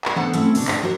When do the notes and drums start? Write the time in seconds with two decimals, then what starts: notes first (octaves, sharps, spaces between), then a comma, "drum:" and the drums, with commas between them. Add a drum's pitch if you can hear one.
0.05 drum: clap
0.16 E3 B3 D4 A4 C5 F#5
0.34 A3 C4 C#4 E4, drum: hi-hat
0.55 B2 D3 A3 D4, drum: open hi-hat
0.68 D4 G#4 C5, drum: clap
0.83 D#2 F#4 A#4 C5 C#5